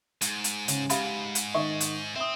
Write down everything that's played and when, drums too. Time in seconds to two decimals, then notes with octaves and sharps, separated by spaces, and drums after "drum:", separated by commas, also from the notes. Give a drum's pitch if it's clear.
0.21 G#2, drum: hi-hat
0.44 drum: hi-hat
0.68 C#3, drum: hi-hat
0.90 G#2 G4 F5 B5, drum: hi-hat
1.35 drum: hi-hat
1.54 D#3 D#5 C#6
1.81 drum: hi-hat
2.16 C4 E5 D#6